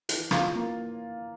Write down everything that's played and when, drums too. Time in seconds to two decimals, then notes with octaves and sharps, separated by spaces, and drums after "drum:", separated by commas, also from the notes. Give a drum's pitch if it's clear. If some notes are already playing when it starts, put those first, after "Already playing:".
0.09 E3, drum: hi-hat
0.31 F4, drum: rim click
0.55 A#3